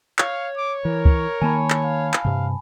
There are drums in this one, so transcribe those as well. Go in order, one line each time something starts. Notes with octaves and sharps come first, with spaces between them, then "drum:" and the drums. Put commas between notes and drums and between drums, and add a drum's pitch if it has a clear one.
C#5 F5, drum: clap
D6
E3 A#4
drum: kick
D#3 A#3 G#5 A5 B5
drum: clap
F5
drum: clap
G2 C3